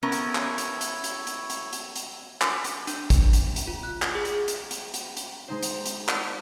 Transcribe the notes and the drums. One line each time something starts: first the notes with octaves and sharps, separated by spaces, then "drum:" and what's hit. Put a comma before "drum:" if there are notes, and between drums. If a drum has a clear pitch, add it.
B3 C#4 E4 A4 A#4 C#5
drum: hi-hat
drum: clap
drum: hi-hat
drum: hi-hat
drum: hi-hat
drum: hi-hat
drum: hi-hat
drum: hi-hat
drum: hi-hat
drum: clap
drum: hi-hat
D4, drum: hi-hat
drum: kick G#1, hi-hat
drum: hi-hat
drum: hi-hat
F4
F#6
drum: clap
G#4
drum: hi-hat
drum: hi-hat
drum: hi-hat
drum: hi-hat
drum: hi-hat
G#3 D#4 C5
drum: hi-hat
drum: hi-hat
drum: clap